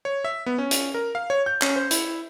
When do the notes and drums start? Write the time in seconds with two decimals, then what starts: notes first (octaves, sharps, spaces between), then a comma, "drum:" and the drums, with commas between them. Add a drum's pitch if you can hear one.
0.05 C#5
0.24 E5
0.46 B3
0.58 C#4
0.71 drum: hi-hat
0.94 A#4
1.15 F5
1.30 C#5
1.46 G6
1.62 C#4, drum: clap
1.76 C5
1.91 E4, drum: hi-hat